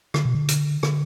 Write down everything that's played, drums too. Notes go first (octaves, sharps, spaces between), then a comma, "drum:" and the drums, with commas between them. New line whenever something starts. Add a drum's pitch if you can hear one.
D3, drum: rim click
B2
D3
drum: hi-hat
D3, drum: rim click